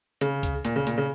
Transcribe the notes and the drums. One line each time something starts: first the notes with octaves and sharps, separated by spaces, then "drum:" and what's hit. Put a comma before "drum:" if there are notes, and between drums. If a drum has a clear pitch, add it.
C#3, drum: hi-hat
drum: kick C#2, hi-hat
A#2, drum: hi-hat
C#3
A#2, drum: hi-hat
C#3